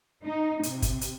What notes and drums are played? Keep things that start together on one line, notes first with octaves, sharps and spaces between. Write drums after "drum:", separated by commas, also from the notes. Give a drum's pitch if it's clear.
D#4
C3, drum: hi-hat
drum: kick, hi-hat
drum: hi-hat